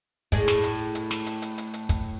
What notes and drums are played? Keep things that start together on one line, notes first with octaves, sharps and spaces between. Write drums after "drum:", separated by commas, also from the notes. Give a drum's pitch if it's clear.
A2 G#4 D5, drum: kick, hi-hat
drum: snare
drum: hi-hat
drum: hi-hat
drum: snare
drum: hi-hat
drum: hi-hat
drum: hi-hat
drum: hi-hat
drum: kick, hi-hat